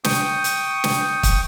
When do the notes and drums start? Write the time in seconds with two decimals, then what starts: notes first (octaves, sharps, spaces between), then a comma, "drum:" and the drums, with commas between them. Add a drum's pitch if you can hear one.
0.04 G5 C#6 D#6, drum: snare
0.44 drum: hi-hat
0.84 drum: snare
1.23 drum: kick, hi-hat